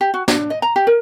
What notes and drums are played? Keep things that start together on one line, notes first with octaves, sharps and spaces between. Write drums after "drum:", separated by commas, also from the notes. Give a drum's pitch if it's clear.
G4
F#4
D4, drum: snare
D#5
A#5
G4
A#4